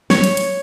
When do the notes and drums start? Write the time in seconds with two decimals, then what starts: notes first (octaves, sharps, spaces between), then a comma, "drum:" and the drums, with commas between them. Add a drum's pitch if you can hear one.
0.10 C#5, drum: snare
0.24 drum: hi-hat
0.37 drum: hi-hat